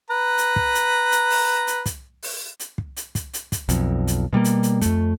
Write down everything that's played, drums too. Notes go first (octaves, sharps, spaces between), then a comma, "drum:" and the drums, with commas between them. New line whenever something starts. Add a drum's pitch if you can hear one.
B4 A#5
drum: hi-hat
drum: kick
drum: hi-hat
drum: hi-hat
drum: open hi-hat
drum: hi-hat
drum: kick, hi-hat
drum: open hi-hat
drum: hi-hat
drum: kick
drum: hi-hat
drum: kick, hi-hat
drum: hi-hat
drum: kick, hi-hat
B1 F2, drum: hi-hat
drum: hi-hat
B2 G3 A3 A#3
drum: hi-hat
drum: hi-hat
F2 A3, drum: kick, hi-hat